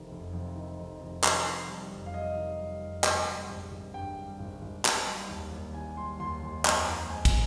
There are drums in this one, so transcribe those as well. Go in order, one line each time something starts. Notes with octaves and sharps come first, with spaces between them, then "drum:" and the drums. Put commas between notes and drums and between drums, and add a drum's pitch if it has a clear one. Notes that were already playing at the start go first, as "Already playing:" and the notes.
Already playing: F1 F2 D#3
F1
F2
D#3
F1
F1
F2, drum: clap
D#3
G3
F1
F5
F2 D#5
D#3
G3
F1
G2, drum: clap
G3
G#1
G#1
G2 G5
G3
G#1
G#1
D#3, drum: clap
G3
D#2
D#2
D#3 G#5
G3 C6
D#2 C6
D#2
F2, drum: clap
D#3 A#5
G#3 G#5
drum: kick, cymbal